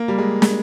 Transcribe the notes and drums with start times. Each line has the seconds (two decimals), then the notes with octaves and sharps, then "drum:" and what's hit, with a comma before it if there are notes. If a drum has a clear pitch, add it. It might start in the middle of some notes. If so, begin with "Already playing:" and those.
Already playing: A#3
0.08 G3
0.18 G#3
0.42 G#3, drum: snare